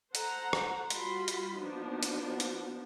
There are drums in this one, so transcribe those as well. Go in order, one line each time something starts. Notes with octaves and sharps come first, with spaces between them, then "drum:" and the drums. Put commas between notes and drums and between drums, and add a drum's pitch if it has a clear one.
A4 C5 F#5 A#5, drum: hi-hat
drum: rim click
G3 F4 F#4 B5 C6, drum: hi-hat
drum: hi-hat
F3 A#3 B3 D4 D#4 F#4
drum: hi-hat
drum: hi-hat